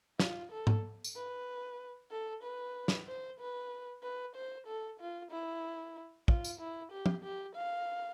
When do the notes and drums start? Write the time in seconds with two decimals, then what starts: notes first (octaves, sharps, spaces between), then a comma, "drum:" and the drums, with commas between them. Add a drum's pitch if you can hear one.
0.20 F4, drum: snare
0.52 A4
0.67 drum: tom G#2
1.04 drum: tambourine
1.16 B4
2.11 A4
2.43 B4
2.88 drum: snare
3.07 C5
3.40 B4
4.03 B4
4.35 C5
4.67 A4
5.00 F4
5.31 E4
6.28 F4, drum: kick
6.44 drum: tambourine
6.60 E4
6.92 G4
7.06 drum: tom
7.24 G4
7.55 F5